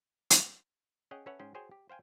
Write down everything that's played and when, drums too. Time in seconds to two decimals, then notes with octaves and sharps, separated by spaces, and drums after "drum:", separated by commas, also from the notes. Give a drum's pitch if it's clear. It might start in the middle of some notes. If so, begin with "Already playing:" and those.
0.30 drum: hi-hat
1.11 C#4 G#4 C#5 D#5 F#5 G5
1.26 C#4 A4 B4 C#5 E5 F#5
1.39 G#2 C#4 G#4 C5 G5
1.54 F#4 G#4 C5 C#5 G5 G#5
1.71 G4
1.89 C5 F5 G5 G#5